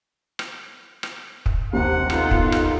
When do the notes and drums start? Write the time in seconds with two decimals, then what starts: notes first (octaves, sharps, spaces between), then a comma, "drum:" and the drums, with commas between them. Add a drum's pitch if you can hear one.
0.39 drum: rim click
1.03 drum: rim click
1.46 drum: kick
1.73 A#1 D#2 C3 F#5
2.10 B3 D#4 F4 A4, drum: rim click
2.31 drum: kick
2.52 drum: rim click